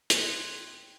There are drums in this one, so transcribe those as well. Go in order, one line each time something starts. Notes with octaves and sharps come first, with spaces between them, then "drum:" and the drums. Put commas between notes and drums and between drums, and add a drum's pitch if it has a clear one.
G5 C6 F#6 G#6, drum: hi-hat